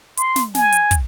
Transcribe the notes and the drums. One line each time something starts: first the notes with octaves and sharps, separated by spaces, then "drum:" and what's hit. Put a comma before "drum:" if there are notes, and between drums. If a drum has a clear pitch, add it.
C6, drum: hi-hat
drum: snare
G#5, drum: snare
drum: hi-hat
drum: kick, hi-hat